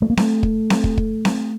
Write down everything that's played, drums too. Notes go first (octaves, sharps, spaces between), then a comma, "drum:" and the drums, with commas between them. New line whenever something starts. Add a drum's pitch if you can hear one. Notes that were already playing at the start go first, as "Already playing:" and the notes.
A3
A#3
A3, drum: snare C4
drum: kick
drum: snare C4
drum: kick
drum: kick
drum: snare C4